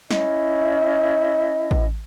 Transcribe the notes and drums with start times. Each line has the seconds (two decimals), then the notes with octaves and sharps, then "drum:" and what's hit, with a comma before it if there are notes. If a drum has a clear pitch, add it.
0.11 C#4 E4 D#5, drum: snare
1.71 drum: kick A1